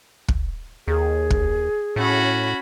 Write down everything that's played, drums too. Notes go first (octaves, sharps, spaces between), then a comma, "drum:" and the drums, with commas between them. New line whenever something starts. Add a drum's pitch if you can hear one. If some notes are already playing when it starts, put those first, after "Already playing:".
drum: kick
D#2 G#4
drum: kick
A2 C#4 F#4 B5